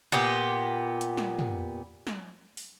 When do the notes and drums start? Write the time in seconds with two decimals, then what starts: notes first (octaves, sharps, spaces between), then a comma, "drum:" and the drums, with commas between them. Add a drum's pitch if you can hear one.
0.12 A#2 B3 G4
1.01 drum: hi-hat
1.17 drum: snare
1.39 drum: tom
2.07 drum: snare
2.57 drum: open hi-hat